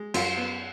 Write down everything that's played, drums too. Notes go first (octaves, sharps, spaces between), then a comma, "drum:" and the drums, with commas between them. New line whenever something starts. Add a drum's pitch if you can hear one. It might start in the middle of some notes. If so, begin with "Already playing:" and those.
Already playing: G#3
F#2 F4, drum: cymbal
B3